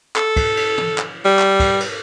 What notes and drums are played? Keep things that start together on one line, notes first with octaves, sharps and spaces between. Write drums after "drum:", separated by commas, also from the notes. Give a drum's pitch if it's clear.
A4, drum: clap
drum: kick, cymbal
drum: cymbal
drum: tom
drum: clap
G3
drum: clap
drum: kick, cymbal
drum: cymbal